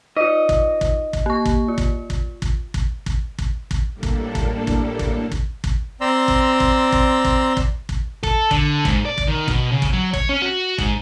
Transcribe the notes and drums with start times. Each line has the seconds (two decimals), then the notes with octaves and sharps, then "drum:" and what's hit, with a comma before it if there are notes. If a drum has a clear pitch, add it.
0.17 D#4 F4 D#5
0.49 drum: kick
0.81 drum: kick
1.13 drum: kick
1.26 A#3 C#6
1.45 drum: kick
1.68 F4
1.78 drum: kick
2.10 drum: kick
2.42 drum: kick
2.74 drum: kick
3.06 drum: kick
3.38 drum: kick
3.71 drum: kick
3.93 A2 G3 A#3 D4 A4
4.03 drum: kick
4.35 drum: kick
4.67 drum: kick
4.99 drum: kick
5.32 drum: kick
5.64 drum: kick
6.01 C4 D5 A#5 C6 E6
6.28 drum: kick
6.60 drum: kick
6.92 drum: kick
7.25 drum: kick
7.57 drum: kick
7.89 drum: kick
8.23 A4, drum: kick
8.51 D3, drum: kick
8.85 G#2, drum: kick
9.05 D5
9.18 drum: kick
9.28 D#3
9.48 B2, drum: kick
9.72 C#3
9.82 drum: kick
9.93 F#3
10.14 C#5, drum: kick
10.29 C#4
10.42 F#4
10.78 G#2, drum: kick